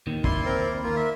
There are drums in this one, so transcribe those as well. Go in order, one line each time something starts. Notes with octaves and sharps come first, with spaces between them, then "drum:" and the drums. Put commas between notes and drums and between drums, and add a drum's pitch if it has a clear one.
D#2 D#3
E4 D5 C6, drum: kick
C4 A#4
A#3 F4
E5